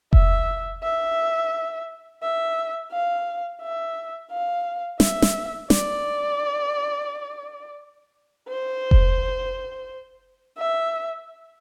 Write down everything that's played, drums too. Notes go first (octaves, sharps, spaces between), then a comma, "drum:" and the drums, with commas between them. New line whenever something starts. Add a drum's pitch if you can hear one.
E5, drum: kick F1
E5
E5
F5
E5
F5
E5, drum: snare
drum: snare
D5, drum: snare
C5
drum: kick F1
E5